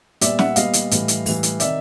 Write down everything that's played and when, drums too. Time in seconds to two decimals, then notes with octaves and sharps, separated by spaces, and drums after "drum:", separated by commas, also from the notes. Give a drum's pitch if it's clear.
0.21 A#2 G3 B3 D5 E5, drum: hi-hat
0.39 E5 F#5, drum: snare
0.56 A#2 G3 B3 D#5 F5, drum: hi-hat
0.73 drum: hi-hat
0.91 A2 E3 G3, drum: hi-hat
1.08 drum: hi-hat
1.26 A2 E3 G3, drum: open hi-hat
1.43 drum: hi-hat
1.60 C3 D#3 D5 E5, drum: hi-hat